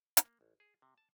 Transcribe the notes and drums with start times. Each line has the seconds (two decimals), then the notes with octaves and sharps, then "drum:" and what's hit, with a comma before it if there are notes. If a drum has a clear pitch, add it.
0.17 A#3, drum: hi-hat
0.41 A1
0.60 G#4
0.82 C3
0.98 A5